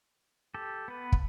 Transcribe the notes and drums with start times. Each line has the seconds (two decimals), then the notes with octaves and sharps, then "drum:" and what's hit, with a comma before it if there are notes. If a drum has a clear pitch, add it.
0.54 G4 A4
0.88 B3 B4
1.12 drum: kick